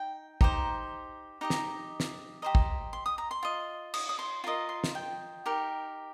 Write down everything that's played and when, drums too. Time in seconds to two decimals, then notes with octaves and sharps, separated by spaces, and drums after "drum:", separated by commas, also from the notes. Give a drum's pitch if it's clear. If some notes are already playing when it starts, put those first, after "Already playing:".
Already playing: D#4 G5
0.41 D#4 G4 C5 A#5, drum: kick
1.41 D#4 G4 D#5 A#5
1.50 drum: snare
2.00 drum: snare
2.42 G4 C5 D#5 A#5
2.55 drum: kick
2.93 C6
3.06 D#6
3.18 A#5
3.31 C6
3.43 F4 D#5
3.94 D#6, drum: cymbal
4.09 D#6
4.19 C6
4.44 F4 A#4 D#5 C6
4.69 C6
4.84 drum: snare
4.95 G5
5.46 D#4 G4 A#4